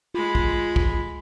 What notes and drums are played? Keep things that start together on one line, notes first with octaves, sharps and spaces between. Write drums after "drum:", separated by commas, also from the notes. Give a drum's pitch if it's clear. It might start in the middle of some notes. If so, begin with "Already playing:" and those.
G#3 F4 B5
drum: kick
drum: kick